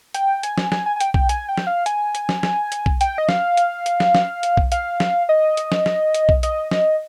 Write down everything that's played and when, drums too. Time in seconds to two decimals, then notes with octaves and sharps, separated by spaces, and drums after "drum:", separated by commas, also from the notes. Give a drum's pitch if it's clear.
0.14 G5, drum: hi-hat
0.43 G#5, drum: hi-hat
0.58 drum: snare
0.72 G#5, drum: snare
0.86 G#5
0.96 G#5
1.00 G5, drum: hi-hat
1.14 G5, drum: kick B1
1.29 G#5, drum: hi-hat
1.48 G5
1.58 drum: snare
1.67 F5
1.86 G#5, drum: hi-hat
2.15 drum: hi-hat
2.29 drum: snare
2.43 drum: snare
2.72 drum: hi-hat
2.86 drum: kick B1
3.01 G5, drum: hi-hat
3.18 D#5
3.29 F5, drum: snare
3.57 drum: hi-hat
3.86 drum: hi-hat
4.00 drum: snare
4.15 drum: snare
4.43 drum: hi-hat
4.57 drum: kick B1
4.72 F5, drum: hi-hat
5.00 drum: snare
5.29 D#5
5.57 drum: hi-hat
5.72 drum: snare
5.86 drum: snare
6.14 drum: hi-hat
6.29 drum: kick B1
6.43 D#5, drum: hi-hat
6.71 D#5, drum: snare